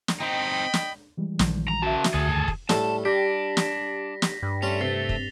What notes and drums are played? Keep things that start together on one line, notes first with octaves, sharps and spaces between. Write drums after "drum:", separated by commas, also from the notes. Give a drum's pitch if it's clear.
drum: snare
C4 D#4 D#5 G5 B5
drum: snare
E3 G3 G#3
A#1 D#3 F3, drum: snare
A#5
C#3 F#4 E5 A5
drum: snare
D2 G#4 A4
E2 G2 D#3
drum: kick
A2 G3 A3 A5, drum: snare
G3 D4 G4 A#6 B6
drum: snare
drum: snare
G2
G3 A3 C#4 C6 F7
C3 A6 C7 G7
drum: kick